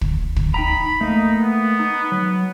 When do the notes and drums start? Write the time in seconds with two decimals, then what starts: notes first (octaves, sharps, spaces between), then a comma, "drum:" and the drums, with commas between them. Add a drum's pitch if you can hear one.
0.01 drum: kick
0.36 drum: kick
0.54 D#4 G5 A#5 B5
1.01 A3 A#3 D#4
1.39 B3
1.79 D#4
2.12 F#3